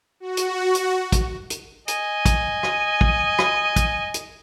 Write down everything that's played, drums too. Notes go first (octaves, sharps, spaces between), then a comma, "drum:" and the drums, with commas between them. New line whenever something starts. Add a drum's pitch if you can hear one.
F#4
drum: hi-hat
drum: hi-hat
drum: kick, hi-hat
drum: hi-hat
D#5 G#5, drum: hi-hat
drum: kick, hi-hat
drum: rim click
drum: kick
drum: rim click
drum: kick, hi-hat
drum: hi-hat